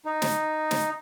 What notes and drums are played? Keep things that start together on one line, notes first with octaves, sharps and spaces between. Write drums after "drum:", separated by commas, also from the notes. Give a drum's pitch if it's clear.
D#4
drum: snare
drum: snare